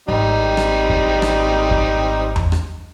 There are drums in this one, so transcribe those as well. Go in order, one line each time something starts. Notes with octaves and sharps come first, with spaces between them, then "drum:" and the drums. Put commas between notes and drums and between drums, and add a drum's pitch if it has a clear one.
G#1 G3 C4 D#4
drum: rim click
drum: kick
drum: rim click
drum: kick
drum: tom E2
drum: rim click